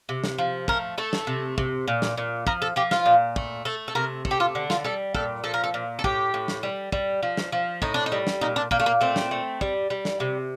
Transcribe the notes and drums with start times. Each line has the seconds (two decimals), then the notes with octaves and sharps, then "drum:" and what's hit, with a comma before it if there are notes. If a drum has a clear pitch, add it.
0.09 C3
0.24 drum: snare
0.38 F3
0.68 A3 A#4, drum: kick
0.98 A3 A4
1.13 drum: snare
1.27 C3
1.58 C3, drum: kick
1.88 A#2
2.02 drum: snare
2.17 A#2
2.47 F3 A#4, drum: kick
2.62 A4
2.76 F3 G4
2.91 F4, drum: snare
3.06 A#2
3.36 A3, drum: kick
3.65 A3 A4
3.88 A4
3.95 C3 A#4
4.25 A3, drum: kick
4.31 G4
4.40 F4
4.55 D3
4.70 F4, drum: snare
4.84 G3 A4
5.15 A#2 A4, drum: kick
5.44 F3 A4
5.54 A#4
5.64 A4
5.74 A#2
5.99 A4
6.04 A2 G4, drum: kick
6.34 A2
6.48 drum: snare
6.63 G3
6.92 G3, drum: kick
7.23 F3
7.37 drum: snare
7.52 F3
7.82 A2 D#4, drum: kick
7.94 D4
8.06 D#4
8.12 G3
8.27 drum: snare
8.41 A#2 D#4
8.56 D4
8.71 A#2 A#3, drum: kick
8.80 A3
8.86 A#3
9.01 A3 C4
9.16 drum: snare
9.31 A3
9.61 G3, drum: kick
9.90 G3
10.05 drum: snare
10.20 C3